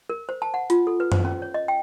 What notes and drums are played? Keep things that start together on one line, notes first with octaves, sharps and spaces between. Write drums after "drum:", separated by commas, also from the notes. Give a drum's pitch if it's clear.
A#4
C5
A5
F#5
F4, drum: hi-hat
A4
B4
C5, drum: tom F#2
C#4
C#5
D#5
G5